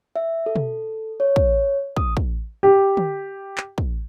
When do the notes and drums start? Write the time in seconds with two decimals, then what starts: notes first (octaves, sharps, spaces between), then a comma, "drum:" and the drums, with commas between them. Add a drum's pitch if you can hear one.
0.16 E5
0.46 A4
0.56 drum: tom B2
1.20 C#5
1.36 drum: kick
1.97 D#6, drum: kick
2.17 drum: kick
2.63 G4
2.97 drum: tom
3.58 drum: clap
3.78 drum: kick